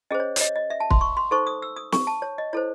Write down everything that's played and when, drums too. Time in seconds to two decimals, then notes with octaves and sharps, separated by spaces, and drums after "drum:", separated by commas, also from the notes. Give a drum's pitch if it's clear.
0.11 C#4 G#4 C5 D#5
0.20 C#5
0.36 C#5, drum: hi-hat
0.41 D#5
0.56 D#5
0.70 E5
0.80 A5
0.90 C6, drum: kick
1.01 C#6
1.17 C6
1.31 D#4 A4 C5 C#6
1.47 D#6
1.62 E6
1.76 D#6
1.92 C#6, drum: snare
2.07 A5
2.22 C#5
2.38 D#5
2.53 E4 A4 C5 C#5